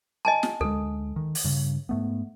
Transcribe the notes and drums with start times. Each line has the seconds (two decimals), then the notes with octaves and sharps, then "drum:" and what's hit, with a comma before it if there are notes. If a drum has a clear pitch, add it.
0.25 D#5 G#5 A5
0.43 drum: snare
0.61 D2 G#3 A4
1.16 D#3
1.35 drum: open hi-hat
1.44 G2 C#3
1.89 G#2 A3 B3